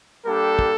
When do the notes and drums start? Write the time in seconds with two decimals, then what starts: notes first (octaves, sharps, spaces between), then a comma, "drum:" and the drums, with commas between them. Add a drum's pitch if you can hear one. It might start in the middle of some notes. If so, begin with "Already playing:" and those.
0.24 G3 A#3 D4 G4 A4
0.59 drum: kick